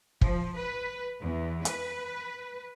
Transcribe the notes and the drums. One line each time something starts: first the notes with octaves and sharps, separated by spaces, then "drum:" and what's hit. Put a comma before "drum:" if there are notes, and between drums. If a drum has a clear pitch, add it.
F3, drum: kick
B4
E2
B4, drum: hi-hat